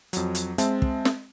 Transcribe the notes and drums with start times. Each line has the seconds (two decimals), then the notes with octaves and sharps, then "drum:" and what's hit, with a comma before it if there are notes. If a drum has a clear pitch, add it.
0.13 F2 F#3, drum: hi-hat
0.35 drum: hi-hat
0.58 G#3 C4 E5 A5, drum: hi-hat
0.82 drum: kick
1.05 drum: snare